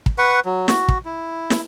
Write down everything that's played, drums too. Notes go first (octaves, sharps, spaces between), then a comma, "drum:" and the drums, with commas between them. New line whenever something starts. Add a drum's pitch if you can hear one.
drum: kick
B4 F#5 C#6
F#3
F#4, drum: snare
drum: kick
E4
drum: snare